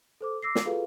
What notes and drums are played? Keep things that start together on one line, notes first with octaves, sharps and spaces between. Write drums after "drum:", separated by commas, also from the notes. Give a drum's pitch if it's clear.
A4 C5 D6
D6 E6 A#6 C7
drum: snare
F4 F#4 G#4 A4 B4 F5